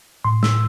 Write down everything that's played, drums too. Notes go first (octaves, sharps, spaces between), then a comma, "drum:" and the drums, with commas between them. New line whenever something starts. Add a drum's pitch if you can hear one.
A2 C6
A2 E6, drum: snare